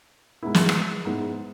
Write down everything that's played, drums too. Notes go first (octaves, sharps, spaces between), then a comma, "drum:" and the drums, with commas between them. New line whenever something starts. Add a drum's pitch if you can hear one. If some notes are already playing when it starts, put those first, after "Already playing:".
G#2 G#3 B3 E4
drum: snare
drum: rim click
G#2 G#3 B3 E4